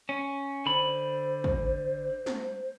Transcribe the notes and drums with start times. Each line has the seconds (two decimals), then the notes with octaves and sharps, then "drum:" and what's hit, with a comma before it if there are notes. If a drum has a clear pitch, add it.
0.09 C#4
0.66 D3 C5 B5
1.44 drum: kick
2.26 drum: snare